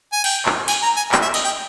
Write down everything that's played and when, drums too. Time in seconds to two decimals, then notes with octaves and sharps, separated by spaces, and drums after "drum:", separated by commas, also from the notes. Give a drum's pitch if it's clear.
0.13 G#5
0.24 G5, drum: cymbal
0.46 drum: clap
0.68 G#5, drum: cymbal
0.83 A#5
0.97 G#5
1.12 G5, drum: clap
1.22 E5
1.34 D#5, drum: cymbal
1.44 G5